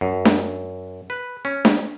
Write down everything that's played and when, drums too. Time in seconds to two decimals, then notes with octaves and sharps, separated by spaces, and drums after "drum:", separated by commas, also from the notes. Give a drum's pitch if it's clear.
0.01 F#2
0.25 drum: snare D4
1.10 B4
1.45 C#4
1.65 drum: snare D4